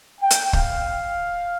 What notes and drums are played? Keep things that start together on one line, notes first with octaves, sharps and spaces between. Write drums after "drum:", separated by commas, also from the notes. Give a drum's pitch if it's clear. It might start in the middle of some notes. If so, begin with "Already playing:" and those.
G5
drum: hi-hat
F5, drum: kick